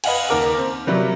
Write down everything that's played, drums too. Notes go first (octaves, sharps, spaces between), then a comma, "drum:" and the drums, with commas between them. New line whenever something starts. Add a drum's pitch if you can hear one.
B4 D#5 F5 F#5 G#5, drum: cymbal
D#2 A#3 A#4 D6 F6
C4
C3 F#3 G3 A#3